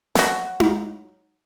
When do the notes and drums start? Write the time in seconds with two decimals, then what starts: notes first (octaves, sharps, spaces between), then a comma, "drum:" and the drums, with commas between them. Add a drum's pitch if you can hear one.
0.15 F#3 F#4, drum: snare
0.60 drum: tom D#4